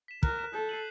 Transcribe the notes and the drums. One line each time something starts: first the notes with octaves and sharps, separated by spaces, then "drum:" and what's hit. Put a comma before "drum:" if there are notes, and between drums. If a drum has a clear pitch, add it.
B6 E7
A#4 F#6, drum: kick
B6 E7
A4 G6
C7 D#7 F#7